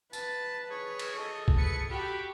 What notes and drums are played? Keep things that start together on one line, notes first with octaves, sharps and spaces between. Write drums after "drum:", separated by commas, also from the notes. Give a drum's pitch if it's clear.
B4 A5, drum: tambourine
G#4 C#5
drum: cymbal
A4 D#5
drum: kick
B4 C#7
F#4 G4 B5